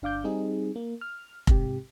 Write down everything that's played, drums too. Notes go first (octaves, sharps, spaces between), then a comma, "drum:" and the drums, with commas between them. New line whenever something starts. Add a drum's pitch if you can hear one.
G1 D4 F5 D6 G6
G3 C4 D#4 G#4
A#3
F6
G#2 C3 G4, drum: kick F1